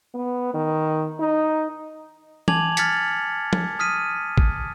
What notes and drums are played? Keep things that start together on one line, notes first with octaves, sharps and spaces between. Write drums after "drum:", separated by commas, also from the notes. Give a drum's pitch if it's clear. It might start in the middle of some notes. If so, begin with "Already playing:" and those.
B3
D#3
D#4
G#5 A5 D6 G#6 F7 F#7, drum: tom E3
F6 G#6 A6 B6 C#7, drum: hi-hat
drum: tom F3
D#6 F6 B6 D#7
drum: kick A1